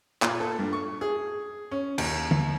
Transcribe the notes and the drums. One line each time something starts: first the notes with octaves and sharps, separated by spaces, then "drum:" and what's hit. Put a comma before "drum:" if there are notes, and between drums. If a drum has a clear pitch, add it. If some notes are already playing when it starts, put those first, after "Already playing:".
A#2, drum: clap
A4
G2
C#6
G#4
C#4
D#2, drum: cymbal
drum: tom D3